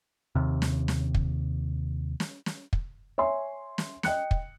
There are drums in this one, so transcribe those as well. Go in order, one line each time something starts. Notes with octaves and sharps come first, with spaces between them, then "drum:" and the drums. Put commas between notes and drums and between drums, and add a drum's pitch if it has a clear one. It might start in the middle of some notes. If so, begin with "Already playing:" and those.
D#2 C3
drum: snare
drum: snare
drum: kick
drum: snare
drum: snare
drum: kick
C#5 E5 G#5 C6
drum: snare
D#5 G5 F#6 C#7, drum: snare
drum: kick